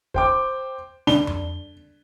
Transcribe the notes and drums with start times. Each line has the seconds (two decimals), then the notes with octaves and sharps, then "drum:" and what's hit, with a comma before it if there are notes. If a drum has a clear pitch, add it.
0.14 C5 G5 D6, drum: kick
1.07 D4 G7, drum: snare
1.27 drum: tom F2